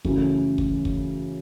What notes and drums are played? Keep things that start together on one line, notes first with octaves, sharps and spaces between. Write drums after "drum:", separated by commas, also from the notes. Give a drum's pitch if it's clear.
F#2 C#3 E3 A3, drum: kick
drum: kick
drum: kick